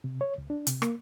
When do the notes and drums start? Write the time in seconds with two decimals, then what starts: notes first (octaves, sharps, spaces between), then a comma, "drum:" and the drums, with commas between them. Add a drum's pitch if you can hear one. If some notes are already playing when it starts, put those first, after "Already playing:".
0.04 C3
0.21 C#5
0.38 C#2
0.50 D4
0.67 C3, drum: hi-hat
0.82 A#3, drum: rim click